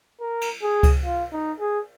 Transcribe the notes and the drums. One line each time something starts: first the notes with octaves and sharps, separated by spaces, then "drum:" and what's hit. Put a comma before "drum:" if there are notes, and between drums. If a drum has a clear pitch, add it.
A#4
drum: cymbal
G#4
drum: kick C#2, cymbal
F4
D#4
G#4